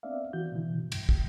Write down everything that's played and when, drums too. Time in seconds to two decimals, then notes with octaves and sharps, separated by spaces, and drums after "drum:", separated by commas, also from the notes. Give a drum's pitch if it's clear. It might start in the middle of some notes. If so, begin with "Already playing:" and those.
0.03 B3 C4 D4 D5 E5 F5
0.33 E3 F#4 G6
0.52 B2 D3 E3
0.78 F2 C3
0.92 C2 G2, drum: cymbal
1.09 D#2, drum: kick